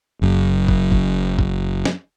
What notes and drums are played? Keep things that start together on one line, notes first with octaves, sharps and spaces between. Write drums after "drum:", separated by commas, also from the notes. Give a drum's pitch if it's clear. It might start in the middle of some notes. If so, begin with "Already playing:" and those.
F#1 F#2
drum: kick
drum: kick
drum: kick
drum: snare